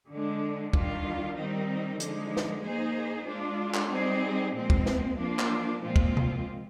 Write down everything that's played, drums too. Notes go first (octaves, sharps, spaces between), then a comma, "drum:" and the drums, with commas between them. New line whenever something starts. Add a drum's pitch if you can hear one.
D3 G#3 D4
D#3 G3 D4 F4, drum: kick
D#3 G3 C4 D#4
D3 F3 G#3 D#4, drum: hi-hat
drum: snare
A#3 D#4 G#4 C5
G#3 D4 F4
drum: clap
G3 C4 D#4 G#4
A#2 F3 G#3 C4
drum: kick
drum: snare
F3 A#3 D4 F4
drum: clap
A#2 F3 G#3 C4 F4
drum: kick
drum: tom C3